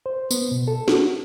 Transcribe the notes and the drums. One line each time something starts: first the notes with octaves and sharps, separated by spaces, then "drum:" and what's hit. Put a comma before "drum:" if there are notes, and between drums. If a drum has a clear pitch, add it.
C5
B3, drum: tambourine
B2
A4
F#4, drum: snare